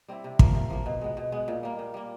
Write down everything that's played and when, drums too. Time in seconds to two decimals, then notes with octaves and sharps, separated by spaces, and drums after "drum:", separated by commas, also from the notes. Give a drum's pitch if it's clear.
0.08 G3 C4 E4
0.24 C3
0.39 F3 A#3, drum: kick
0.55 C3
0.70 F3 A#3
0.86 B2
1.01 G#3 B3
1.17 B2
1.32 G#3 B3
1.48 A#2
1.63 G3 A#3
1.79 A#2
1.94 G3 A#3